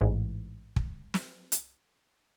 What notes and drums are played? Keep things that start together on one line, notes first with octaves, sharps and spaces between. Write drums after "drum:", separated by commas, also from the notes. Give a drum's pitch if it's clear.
A1 G#2 E3
drum: kick
drum: snare
drum: hi-hat